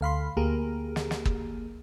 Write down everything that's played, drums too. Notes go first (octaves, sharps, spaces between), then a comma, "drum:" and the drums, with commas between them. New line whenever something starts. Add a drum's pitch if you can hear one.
D2 F5 B5 C6
D2 A#3 G4 G#4 A#5
drum: snare
drum: snare
drum: kick